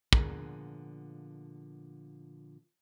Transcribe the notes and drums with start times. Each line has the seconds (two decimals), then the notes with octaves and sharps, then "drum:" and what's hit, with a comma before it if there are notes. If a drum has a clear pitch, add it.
0.13 A#2 D3 F3 B3 G#4 A#4, drum: kick